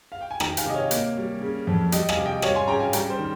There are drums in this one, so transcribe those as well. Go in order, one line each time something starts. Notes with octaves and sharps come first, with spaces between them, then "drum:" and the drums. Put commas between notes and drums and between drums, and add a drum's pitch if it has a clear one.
F5
G5
G#5
D#3 G5 A#5, drum: rim click
F5 G#5, drum: hi-hat
C3 D#5
C#5 F5
A#3, drum: hi-hat
G3
C#3
F2
G3 D#5 G5, drum: hi-hat
F5 G#5, drum: rim click
C3
D#5 G5
G3 C#5 F5, drum: rim click
G#5 C6
C#3 G5 A#5
F5 G#5
G3 G5 A#5, drum: hi-hat
C5
D#3